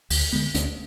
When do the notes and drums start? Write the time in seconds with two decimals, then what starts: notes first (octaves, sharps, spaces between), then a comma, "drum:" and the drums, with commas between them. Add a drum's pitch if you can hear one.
0.10 D2, drum: open hi-hat
0.33 D3 G#3 B3
0.55 D2, drum: hi-hat